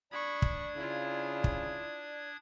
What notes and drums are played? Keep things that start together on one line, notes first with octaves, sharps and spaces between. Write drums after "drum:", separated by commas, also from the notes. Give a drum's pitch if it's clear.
D4 D5 B5 C#6 D#6 G#6
drum: kick
C#3 E4 F4
drum: kick